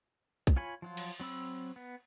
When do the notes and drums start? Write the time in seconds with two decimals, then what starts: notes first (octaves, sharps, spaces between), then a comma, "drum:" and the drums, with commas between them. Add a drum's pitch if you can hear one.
0.47 drum: kick
0.56 F4 C#5 G#5 B5
0.82 F3 F#3 F4
0.97 drum: cymbal
1.20 F#3 C4 B5 E6
1.76 B3